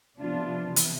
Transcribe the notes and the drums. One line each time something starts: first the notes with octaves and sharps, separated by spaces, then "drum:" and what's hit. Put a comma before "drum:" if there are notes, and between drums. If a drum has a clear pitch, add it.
C3 F3 B3 D4 F4
C3 E3
drum: hi-hat